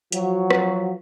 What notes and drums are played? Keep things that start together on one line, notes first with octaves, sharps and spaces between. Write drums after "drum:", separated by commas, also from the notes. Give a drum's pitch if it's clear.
F3 F#3 F4 F#4, drum: hi-hat
drum: rim click